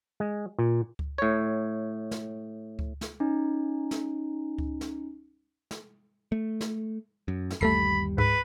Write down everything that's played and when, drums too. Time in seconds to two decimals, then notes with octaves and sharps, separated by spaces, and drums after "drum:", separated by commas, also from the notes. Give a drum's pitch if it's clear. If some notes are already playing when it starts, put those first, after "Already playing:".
0.20 G#3
0.59 A#2
0.99 drum: kick C#2
1.18 A2 C#5
2.11 drum: snare
2.79 drum: kick C#2
3.01 drum: snare
3.20 C#4 D#4
3.91 drum: snare
4.58 drum: kick C#2
4.81 drum: snare
5.71 drum: snare
6.32 A3
6.61 drum: snare
7.28 F#2
7.50 drum: snare
7.61 G1 D#2 G3 A3 A4 B5 C7
8.18 G#2 B4, drum: kick C#2